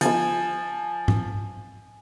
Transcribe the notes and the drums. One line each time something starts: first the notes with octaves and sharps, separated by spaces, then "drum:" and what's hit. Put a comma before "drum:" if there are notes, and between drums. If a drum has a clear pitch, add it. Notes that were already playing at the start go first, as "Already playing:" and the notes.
F3 G#5 E6, drum: hi-hat
drum: tom G#2